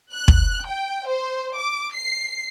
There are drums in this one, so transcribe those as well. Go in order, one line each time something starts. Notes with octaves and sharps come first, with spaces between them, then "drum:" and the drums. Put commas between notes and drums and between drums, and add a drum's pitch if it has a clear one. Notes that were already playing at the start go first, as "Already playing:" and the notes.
F#6
drum: kick
G5
C5
D6
C7